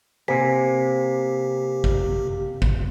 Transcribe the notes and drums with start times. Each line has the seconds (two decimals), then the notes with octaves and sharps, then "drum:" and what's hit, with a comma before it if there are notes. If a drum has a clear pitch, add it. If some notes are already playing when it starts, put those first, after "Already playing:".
0.28 C3 A#3 G4 C5 G#5 B6
1.84 drum: kick A1
2.62 drum: kick A1